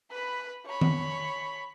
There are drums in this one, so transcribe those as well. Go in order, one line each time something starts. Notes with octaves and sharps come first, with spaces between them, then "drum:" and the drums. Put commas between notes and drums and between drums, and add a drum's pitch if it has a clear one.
B4 B5
C#5 B5
drum: tom D#3